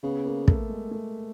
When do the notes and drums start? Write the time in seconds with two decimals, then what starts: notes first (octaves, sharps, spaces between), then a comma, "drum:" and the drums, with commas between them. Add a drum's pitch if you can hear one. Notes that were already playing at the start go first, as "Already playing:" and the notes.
0.03 C#3 B3
0.25 A#3
0.48 A3, drum: kick
0.69 G#3
0.91 A3